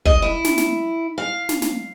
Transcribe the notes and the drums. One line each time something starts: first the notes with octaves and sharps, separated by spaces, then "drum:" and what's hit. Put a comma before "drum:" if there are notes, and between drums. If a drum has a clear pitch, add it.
D#5, drum: kick
E4
drum: snare
drum: snare
F5
drum: snare
drum: snare